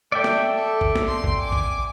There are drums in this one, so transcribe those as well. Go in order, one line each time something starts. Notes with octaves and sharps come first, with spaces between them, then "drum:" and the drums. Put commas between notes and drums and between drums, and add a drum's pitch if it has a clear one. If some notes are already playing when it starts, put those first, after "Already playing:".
A3 D5 E5 G5
drum: snare
A4
drum: kick A1
drum: snare
C6
drum: kick A1
G#5 D6
drum: kick A1